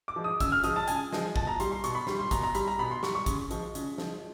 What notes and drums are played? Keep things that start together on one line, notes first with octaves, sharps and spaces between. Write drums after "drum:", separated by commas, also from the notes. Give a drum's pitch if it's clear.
D6
F3 G#3
D#6
C#3 E6, drum: kick, hi-hat
F6
F3 G#3 D#6, drum: hi-hat
A5
C#3 G#5, drum: hi-hat
F3 G#3, drum: snare
B2 A5, drum: kick
A#5
G3 C6, drum: hi-hat
C6
B2 C#6, drum: hi-hat
B5
G3 C6, drum: snare
C6
B2 A#5, drum: kick, hi-hat
A#5
G3 B5, drum: hi-hat
A#5
B2 B5
C6
G3 C#6, drum: snare
C#6
C#3, drum: kick, hi-hat
F3 G#3, drum: hi-hat
C#3, drum: hi-hat
F3 G#3, drum: snare